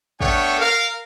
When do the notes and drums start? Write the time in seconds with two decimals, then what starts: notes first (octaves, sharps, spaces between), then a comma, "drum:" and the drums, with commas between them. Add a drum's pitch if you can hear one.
0.21 A3 B3 D4 C#5 G5, drum: kick
0.59 A#4 F5